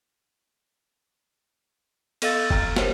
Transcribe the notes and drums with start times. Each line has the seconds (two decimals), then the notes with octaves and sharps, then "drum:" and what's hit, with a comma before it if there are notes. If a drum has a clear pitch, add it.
2.22 B3 A4 D#5 F5 E6 A6, drum: cymbal
2.50 G5 A#5 F6, drum: kick F1
2.76 G4 A#4 C5 C#5, drum: snare